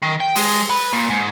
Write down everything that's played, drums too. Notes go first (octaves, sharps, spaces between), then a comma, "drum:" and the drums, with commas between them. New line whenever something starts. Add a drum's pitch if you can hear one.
D#3
G5
G#3, drum: open hi-hat
B4
A#2
G#2